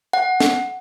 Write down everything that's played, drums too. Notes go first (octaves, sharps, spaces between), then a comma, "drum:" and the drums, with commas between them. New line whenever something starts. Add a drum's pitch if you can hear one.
F#5
drum: snare